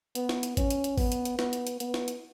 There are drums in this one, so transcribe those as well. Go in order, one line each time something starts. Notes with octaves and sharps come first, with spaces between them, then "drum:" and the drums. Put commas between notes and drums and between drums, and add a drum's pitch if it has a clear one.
B3, drum: hi-hat
drum: snare
drum: hi-hat
C#4, drum: kick, hi-hat
drum: hi-hat
drum: hi-hat
B3, drum: kick, open hi-hat
drum: hi-hat
drum: hi-hat
B3, drum: snare
drum: hi-hat
drum: hi-hat
B3, drum: hi-hat
drum: snare
drum: hi-hat